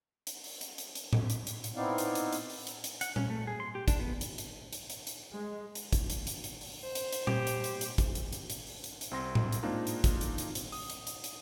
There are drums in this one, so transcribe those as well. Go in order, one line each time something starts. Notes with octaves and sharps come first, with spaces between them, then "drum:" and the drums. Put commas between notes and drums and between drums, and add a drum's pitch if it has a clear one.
drum: hi-hat
drum: open hi-hat
drum: hi-hat
drum: hi-hat
drum: hi-hat
drum: tom A2
drum: hi-hat
drum: hi-hat
drum: hi-hat
B3 C4 D#4 E4 D5 F5
drum: hi-hat
drum: hi-hat
drum: hi-hat
drum: open hi-hat
drum: hi-hat
drum: hi-hat
F#5, drum: hi-hat
C#4, drum: tom A#2
A3
G#4
C6
G4
D4, drum: kick, hi-hat
B3
drum: hi-hat
drum: hi-hat
drum: hi-hat
drum: hi-hat
drum: hi-hat
G#3
drum: hi-hat
drum: kick, hi-hat
drum: hi-hat
drum: hi-hat
drum: hi-hat
drum: open hi-hat
C5
drum: hi-hat
drum: hi-hat
G4, drum: tom A#2
drum: hi-hat
drum: hi-hat
drum: hi-hat
drum: kick, hi-hat
drum: hi-hat
drum: hi-hat
drum: hi-hat
drum: open hi-hat
drum: hi-hat
drum: hi-hat
C2 C4 C6 A#6
drum: tom A2
drum: hi-hat
G#3 A#3 C4 D4 D#4 F4
drum: hi-hat
drum: kick, hi-hat
drum: hi-hat
drum: hi-hat
drum: hi-hat
D#6, drum: open hi-hat
drum: hi-hat
drum: hi-hat
drum: hi-hat